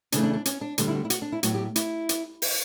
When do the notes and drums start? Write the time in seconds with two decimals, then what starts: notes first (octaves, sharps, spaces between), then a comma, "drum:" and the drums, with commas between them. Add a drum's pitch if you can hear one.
0.12 E2 C#3 E3 A3 D4, drum: hi-hat
0.23 D4
0.33 D4
0.45 C#4, drum: hi-hat
0.61 D4
0.78 D2 D3 G3 B3, drum: hi-hat
0.88 E4
0.95 F#4
1.05 E4
1.10 F#4, drum: hi-hat
1.22 D4
1.32 E4
1.43 A2 F#3 B3 F#4, drum: hi-hat
1.55 G4
1.76 E4, drum: hi-hat
2.09 drum: hi-hat
2.42 drum: open hi-hat